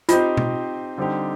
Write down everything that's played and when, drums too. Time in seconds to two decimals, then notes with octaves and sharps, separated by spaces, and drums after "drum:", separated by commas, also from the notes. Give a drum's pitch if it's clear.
0.09 C4 D#4 F4 G4 C5 D#5, drum: hi-hat
0.37 drum: tom B2
0.98 D3 G3 C4 D#4 G4